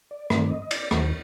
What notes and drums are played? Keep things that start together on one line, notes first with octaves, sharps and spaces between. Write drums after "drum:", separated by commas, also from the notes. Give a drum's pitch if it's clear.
D5
G2 D#3 A3 C4 D5, drum: rim click
D5
D#5
D#5
D5, drum: cymbal
D#2 D#3 F#3 C5, drum: rim click
A#4